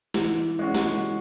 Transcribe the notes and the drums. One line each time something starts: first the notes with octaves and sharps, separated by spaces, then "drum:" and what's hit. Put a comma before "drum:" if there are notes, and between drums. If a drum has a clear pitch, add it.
E3, drum: snare
G#3 C#4 F#4
drum: snare